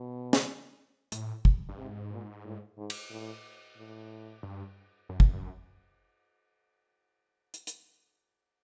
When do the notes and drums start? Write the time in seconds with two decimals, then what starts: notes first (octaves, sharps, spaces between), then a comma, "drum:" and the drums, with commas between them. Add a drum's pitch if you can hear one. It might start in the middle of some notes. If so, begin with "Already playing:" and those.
Already playing: B2
0.33 drum: snare
1.12 A2, drum: hi-hat
1.45 drum: kick
1.69 G2
1.78 G#2 C3
2.11 A#2
2.45 A2
2.78 G#2
2.90 drum: cymbal
3.10 A2
3.76 A2
4.43 G2
5.09 F#2
5.20 drum: kick
7.54 drum: hi-hat
7.67 drum: hi-hat